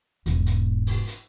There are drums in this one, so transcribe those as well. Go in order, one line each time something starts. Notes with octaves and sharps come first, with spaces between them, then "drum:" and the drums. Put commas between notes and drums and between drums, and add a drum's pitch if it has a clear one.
E1 G#2, drum: hi-hat
drum: hi-hat
drum: open hi-hat
drum: hi-hat